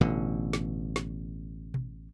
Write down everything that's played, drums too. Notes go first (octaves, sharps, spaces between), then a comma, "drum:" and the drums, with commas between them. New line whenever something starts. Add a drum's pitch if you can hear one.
A1 B2 D3
drum: snare
drum: snare
drum: tom B2